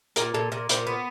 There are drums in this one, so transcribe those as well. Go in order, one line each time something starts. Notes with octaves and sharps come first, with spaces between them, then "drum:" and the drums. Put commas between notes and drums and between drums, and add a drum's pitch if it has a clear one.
A#2 A#4, drum: hi-hat
A#2 A4
A#2 A#4
A#2 C5, drum: hi-hat
B3